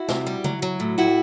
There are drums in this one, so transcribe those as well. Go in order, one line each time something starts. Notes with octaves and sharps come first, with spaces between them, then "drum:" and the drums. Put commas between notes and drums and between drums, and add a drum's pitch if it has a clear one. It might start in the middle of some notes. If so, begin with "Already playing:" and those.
Already playing: E4 F#4
C3, drum: snare
G3
F#3, drum: tom C#3
F#3
A2
A2 E4 F#4